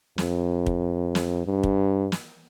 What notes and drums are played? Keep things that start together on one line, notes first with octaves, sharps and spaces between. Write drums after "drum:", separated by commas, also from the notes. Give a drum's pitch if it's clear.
F2, drum: snare
drum: kick
drum: snare
G2
drum: kick
drum: snare